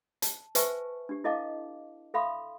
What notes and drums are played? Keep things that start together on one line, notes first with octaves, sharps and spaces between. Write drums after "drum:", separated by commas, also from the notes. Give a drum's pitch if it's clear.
A5, drum: hi-hat
B4 C5 E5 G#5 A5 C#6, drum: hi-hat
D4 G4
E4 A4 D#5 F5 A5 D6
A4 E5 F5 B5 C6 D#6